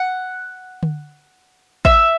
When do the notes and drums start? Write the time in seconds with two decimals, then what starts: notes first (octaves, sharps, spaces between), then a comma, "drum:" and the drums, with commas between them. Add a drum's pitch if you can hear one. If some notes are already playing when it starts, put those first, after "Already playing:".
Already playing: F#5
0.83 drum: tom D3
1.85 E5, drum: kick